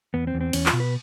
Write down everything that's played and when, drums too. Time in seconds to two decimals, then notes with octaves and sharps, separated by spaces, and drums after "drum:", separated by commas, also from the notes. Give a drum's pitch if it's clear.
0.14 E2 B3
0.27 C4
0.34 E2
0.41 C4
0.53 E2 C#4, drum: cymbal
0.66 F4, drum: clap
0.73 B2
0.80 B4